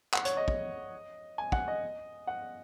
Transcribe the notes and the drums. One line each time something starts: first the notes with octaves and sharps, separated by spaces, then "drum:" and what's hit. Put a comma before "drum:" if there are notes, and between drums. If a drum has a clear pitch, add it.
F#5, drum: clap
C#5, drum: hi-hat
D#5
drum: kick
G#5
F#5, drum: kick
D#5
F#5